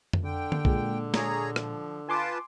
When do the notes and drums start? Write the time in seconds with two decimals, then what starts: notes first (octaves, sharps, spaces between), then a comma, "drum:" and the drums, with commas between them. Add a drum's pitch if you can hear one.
0.13 drum: tom F2
0.25 D3 G5
0.52 drum: tom D3
0.65 A#2 G#3, drum: kick B1
1.14 G#4 C#5 A#5, drum: snare
1.56 F3, drum: rim click
2.09 F4 B4 G#5 A5 C6 D6